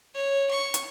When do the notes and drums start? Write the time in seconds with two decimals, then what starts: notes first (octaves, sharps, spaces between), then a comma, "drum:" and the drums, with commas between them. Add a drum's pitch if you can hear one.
0.14 C#5
0.50 C#6
0.74 drum: hi-hat